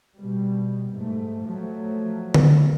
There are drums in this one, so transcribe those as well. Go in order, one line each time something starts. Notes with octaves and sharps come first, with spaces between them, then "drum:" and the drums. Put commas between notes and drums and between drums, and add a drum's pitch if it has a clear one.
B2 G3
G#2 A3
F3 F#3 A3
drum: tom D3